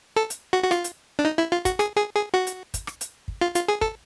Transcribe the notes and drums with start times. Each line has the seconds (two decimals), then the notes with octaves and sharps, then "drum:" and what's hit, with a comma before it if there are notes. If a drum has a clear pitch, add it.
0.16 A4
0.30 drum: hi-hat
0.53 F#4
0.64 F#4
0.71 F4, drum: rim click
0.84 drum: hi-hat
1.19 D4
1.25 D#4
1.38 E4
1.52 F4
1.65 F#4, drum: kick, hi-hat
1.79 G#4, drum: rim click
1.97 G#4
2.15 G#4
2.34 F#4
2.47 drum: hi-hat
2.74 drum: kick, hi-hat
2.87 drum: rim click
3.01 drum: hi-hat
3.28 drum: kick
3.41 F4
3.55 F4, drum: hi-hat
3.68 G#4
3.81 A4, drum: kick